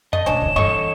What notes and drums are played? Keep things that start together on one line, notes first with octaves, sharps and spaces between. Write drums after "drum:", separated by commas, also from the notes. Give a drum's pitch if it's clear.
A3 D#5 A6, drum: tom E2
D2 B2 C#4 D4 E7
D3 A#3
G2 E3 A4 C#5 D#5 C#6